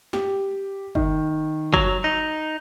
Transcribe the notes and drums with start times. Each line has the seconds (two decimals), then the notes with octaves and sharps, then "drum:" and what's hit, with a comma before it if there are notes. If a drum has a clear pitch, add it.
0.13 G4, drum: snare
0.95 D#3, drum: kick
1.74 F#3 F7, drum: kick
2.04 D#4